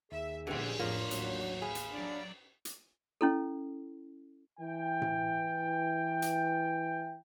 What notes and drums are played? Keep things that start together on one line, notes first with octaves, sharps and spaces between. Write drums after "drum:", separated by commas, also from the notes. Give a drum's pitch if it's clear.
D#2 G#4 E5
A#1 D3 G3 C4 G#5, drum: cymbal
A1 F2 F3 A#3 D4 F4 C#5
A1 D#2 F#3, drum: hi-hat
G#4 F5 B5
drum: hi-hat
F#3 D4 D5
drum: hi-hat
C#4 E4 A4
E3 G5
drum: tom A2
drum: hi-hat